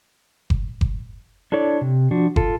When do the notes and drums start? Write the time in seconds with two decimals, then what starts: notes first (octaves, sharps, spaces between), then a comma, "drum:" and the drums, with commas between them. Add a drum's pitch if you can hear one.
0.50 drum: kick F#1
0.81 drum: kick F#1
1.52 D4 E4 A4 C#5 D5
1.81 C3
2.11 F3 D4 F#4
2.36 F4 A4, drum: kick F#1